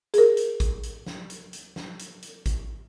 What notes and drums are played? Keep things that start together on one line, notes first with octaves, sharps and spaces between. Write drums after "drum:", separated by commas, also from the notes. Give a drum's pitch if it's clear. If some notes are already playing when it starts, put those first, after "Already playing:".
G#4 A#4, drum: hi-hat
drum: hi-hat
drum: kick G#1, hi-hat
drum: hi-hat
drum: snare
drum: hi-hat
drum: hi-hat
drum: snare
drum: hi-hat
drum: hi-hat
drum: kick G#1, hi-hat